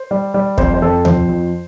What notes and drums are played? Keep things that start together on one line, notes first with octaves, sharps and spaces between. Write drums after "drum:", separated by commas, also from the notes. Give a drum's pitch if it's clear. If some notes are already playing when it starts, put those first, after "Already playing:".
Already playing: C5
G3
G3
F2 C5, drum: kick
C5
F2 A4
F3 C5, drum: tom D#2
F2